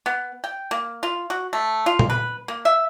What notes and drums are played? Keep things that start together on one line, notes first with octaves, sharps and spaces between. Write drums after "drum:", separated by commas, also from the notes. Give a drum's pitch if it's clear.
B3
G5
A#3
F4
F#4
A3
F4
drum: tom A#2
B4
A#3
E5